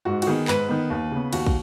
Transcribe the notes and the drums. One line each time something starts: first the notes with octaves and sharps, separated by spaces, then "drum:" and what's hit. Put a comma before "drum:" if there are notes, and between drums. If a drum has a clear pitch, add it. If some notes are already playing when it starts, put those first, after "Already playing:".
G#2 F#4
F#4, drum: cymbal
D#3 B3 G#4
G#2 B4, drum: clap
D#3 B3
D#2
C#3 B3
D#2 F#4, drum: cymbal
drum: kick